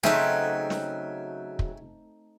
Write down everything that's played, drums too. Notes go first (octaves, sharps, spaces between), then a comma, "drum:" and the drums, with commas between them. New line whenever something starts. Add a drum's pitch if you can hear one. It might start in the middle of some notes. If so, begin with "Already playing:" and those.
C#3 F#3 A3 C4 D#4 E5 G5 G#5, drum: snare
drum: snare
drum: kick